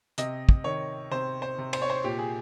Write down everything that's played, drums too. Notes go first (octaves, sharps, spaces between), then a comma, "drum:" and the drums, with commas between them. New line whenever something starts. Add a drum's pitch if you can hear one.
C3 D#5, drum: hi-hat
drum: kick
D#3 C#5
C3 C5
C5
C3
C5, drum: cymbal
C#5
C5
A#2 G4
G#4